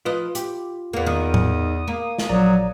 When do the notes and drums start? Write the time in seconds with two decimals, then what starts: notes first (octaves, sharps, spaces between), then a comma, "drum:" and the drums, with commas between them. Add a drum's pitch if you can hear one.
0.05 F3 F4 B4 D#5
0.35 G4, drum: hi-hat
0.93 E2 A#3 B3
1.07 D#3 D#6
1.34 drum: tom A2
1.88 A#3
2.18 drum: snare
2.29 A#1 F#3 D5 A#5